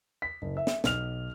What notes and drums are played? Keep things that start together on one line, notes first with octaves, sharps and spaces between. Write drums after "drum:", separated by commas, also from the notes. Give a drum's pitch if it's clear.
B6
F#1
E5
drum: snare
B1 F6 F7, drum: snare